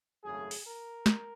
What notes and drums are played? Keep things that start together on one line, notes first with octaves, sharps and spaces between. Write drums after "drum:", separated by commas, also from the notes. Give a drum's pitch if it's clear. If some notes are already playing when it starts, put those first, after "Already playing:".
G#1 F#2 C#3 F#3 A3 G#4
drum: open hi-hat
A#4
drum: snare